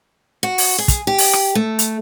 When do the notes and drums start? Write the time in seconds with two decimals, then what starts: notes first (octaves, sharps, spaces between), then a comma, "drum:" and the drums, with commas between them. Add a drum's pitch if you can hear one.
0.43 F#4
0.58 drum: open hi-hat
0.78 G#4
0.88 drum: kick, hi-hat
1.07 G4
1.18 drum: open hi-hat
1.33 drum: rim click
1.55 A3
1.79 drum: hi-hat